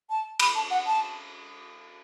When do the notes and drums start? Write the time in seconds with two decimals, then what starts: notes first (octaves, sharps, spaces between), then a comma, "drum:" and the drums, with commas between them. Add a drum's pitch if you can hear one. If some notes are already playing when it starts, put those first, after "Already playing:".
0.10 A5
0.39 B5, drum: cymbal
0.55 A5
0.71 F#5
0.86 A5